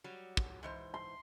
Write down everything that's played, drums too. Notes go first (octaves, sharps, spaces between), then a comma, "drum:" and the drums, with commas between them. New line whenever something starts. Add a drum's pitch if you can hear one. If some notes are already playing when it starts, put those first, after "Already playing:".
F#3 G3
drum: kick
G#2 E3 C5
C6